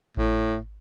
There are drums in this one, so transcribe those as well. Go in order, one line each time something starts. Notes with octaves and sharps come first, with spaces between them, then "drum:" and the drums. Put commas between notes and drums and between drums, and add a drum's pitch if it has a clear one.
A2, drum: kick G#1